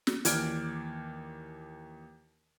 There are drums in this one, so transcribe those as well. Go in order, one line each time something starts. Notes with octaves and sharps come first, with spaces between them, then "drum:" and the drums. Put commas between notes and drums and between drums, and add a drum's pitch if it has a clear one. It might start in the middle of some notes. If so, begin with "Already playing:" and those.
drum: snare
D#2 E3 D5 F6 G#6 D7, drum: hi-hat